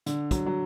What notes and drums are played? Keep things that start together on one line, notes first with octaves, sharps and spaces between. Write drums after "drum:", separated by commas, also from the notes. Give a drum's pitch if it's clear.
D3, drum: hi-hat
F#3, drum: kick, hi-hat
F#3